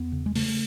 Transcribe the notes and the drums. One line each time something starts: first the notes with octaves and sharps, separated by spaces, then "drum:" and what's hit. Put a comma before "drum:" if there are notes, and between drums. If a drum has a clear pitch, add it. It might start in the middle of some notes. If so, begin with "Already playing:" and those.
Already playing: E2 B3
C#3
G#3
C#3 A3, drum: open hi-hat